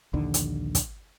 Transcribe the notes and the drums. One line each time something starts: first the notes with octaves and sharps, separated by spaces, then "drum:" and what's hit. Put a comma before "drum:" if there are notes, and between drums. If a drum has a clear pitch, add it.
A#1 D#2 D3
drum: hi-hat
drum: kick, hi-hat